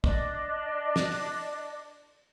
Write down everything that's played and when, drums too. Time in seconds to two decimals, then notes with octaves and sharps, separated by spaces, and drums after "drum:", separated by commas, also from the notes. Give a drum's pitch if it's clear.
0.04 D4 D5 D#5, drum: kick
0.96 drum: snare
1.11 drum: open hi-hat